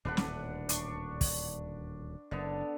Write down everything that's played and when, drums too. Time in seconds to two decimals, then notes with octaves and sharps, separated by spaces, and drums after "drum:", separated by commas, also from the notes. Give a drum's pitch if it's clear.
0.05 D#1 D2 A2 D4 B4 F#5
0.17 drum: snare
0.69 D4 C#6, drum: hi-hat
1.21 drum: kick, open hi-hat
2.31 F#1 D3 B3